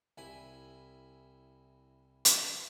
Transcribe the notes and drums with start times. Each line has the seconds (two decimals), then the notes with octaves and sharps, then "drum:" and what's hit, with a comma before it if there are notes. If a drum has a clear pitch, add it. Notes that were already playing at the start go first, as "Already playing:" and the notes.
0.18 C2 E4 G#5 B5
2.25 drum: hi-hat